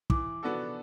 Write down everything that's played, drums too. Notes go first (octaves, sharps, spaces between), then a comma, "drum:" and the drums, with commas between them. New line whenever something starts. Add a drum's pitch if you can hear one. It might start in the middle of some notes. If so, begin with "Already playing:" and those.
E3 D6, drum: kick
B3 D4 F#4 A4